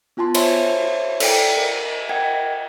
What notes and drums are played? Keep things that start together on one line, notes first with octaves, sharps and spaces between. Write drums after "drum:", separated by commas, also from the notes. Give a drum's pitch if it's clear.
B3 F4 G#5 A5 C6
C5 C#5 E5 A5 B5 C6, drum: cymbal
A4 D5 G5, drum: cymbal
A#4
A#4 D#5 F#5 G5 G#6